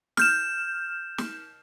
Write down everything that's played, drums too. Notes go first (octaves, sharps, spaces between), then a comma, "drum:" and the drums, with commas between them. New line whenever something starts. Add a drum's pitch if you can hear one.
F6 G6 E7, drum: snare
drum: snare